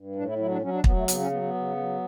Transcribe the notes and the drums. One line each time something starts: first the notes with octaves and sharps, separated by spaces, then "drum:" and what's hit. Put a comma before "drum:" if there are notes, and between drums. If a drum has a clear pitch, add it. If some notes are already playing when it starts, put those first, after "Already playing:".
Already playing: G2
A2 D4
E4
F#3 E4
D4
F#3 C#4
D4
F#3 B3, drum: kick
A3
C#3 B3, drum: hi-hat
C#4
F#3 B3
B3
C#3
F#3